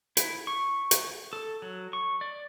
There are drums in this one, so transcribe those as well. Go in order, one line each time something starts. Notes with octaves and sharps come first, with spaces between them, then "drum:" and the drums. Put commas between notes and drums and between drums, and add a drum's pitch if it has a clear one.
E4, drum: hi-hat
C#6
drum: hi-hat
A4
F#3
C#6
D5